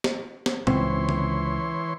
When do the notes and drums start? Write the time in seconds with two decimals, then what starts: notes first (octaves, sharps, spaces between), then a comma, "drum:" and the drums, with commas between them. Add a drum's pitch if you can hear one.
0.04 drum: snare
0.46 drum: snare
0.67 C#2 E3 C4 C#5 C6, drum: tom
1.09 drum: tom D3